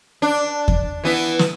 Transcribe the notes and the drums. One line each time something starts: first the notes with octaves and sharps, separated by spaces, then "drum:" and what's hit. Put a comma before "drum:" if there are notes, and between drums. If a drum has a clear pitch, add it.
D4
drum: kick E2
E3 B3 E4
drum: snare